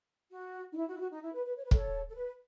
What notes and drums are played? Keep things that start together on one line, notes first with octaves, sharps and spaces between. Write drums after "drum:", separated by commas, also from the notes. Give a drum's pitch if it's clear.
F#4
D#4
E4
F#4
E4
F#4
D#4
E4
B4
B4
C#5
B4
A4 C#5, drum: kick
A4
B4